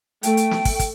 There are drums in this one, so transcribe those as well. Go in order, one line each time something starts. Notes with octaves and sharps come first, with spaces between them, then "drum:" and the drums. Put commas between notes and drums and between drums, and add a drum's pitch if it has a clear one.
A3 G5, drum: hi-hat
drum: hi-hat
drum: snare
drum: kick, open hi-hat
drum: kick, hi-hat